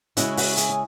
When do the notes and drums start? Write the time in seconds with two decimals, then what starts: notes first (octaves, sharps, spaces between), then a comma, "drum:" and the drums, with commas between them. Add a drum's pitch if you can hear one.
0.17 C#3 G#3 C#4 E4 F#4, drum: hi-hat
0.37 F#4, drum: open hi-hat
0.57 G#4, drum: hi-hat
0.69 G#4